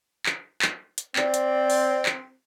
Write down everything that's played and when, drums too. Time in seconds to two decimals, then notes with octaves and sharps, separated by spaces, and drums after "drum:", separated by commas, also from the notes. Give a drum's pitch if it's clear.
0.26 drum: clap
0.62 drum: clap
0.98 drum: hi-hat
1.16 C4 D5, drum: clap
1.34 drum: hi-hat
1.70 drum: open hi-hat
2.06 drum: clap